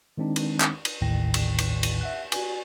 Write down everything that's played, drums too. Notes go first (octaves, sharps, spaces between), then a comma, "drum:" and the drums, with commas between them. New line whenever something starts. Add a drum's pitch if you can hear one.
D#3 G#3 C4 D4 D#4
drum: cymbal
drum: clap
drum: cymbal
A1 D#2 A2 D#3 G5 A#6
drum: cymbal
drum: cymbal
drum: cymbal
E5 F#5 F#6
F#4 D5 G#5, drum: cymbal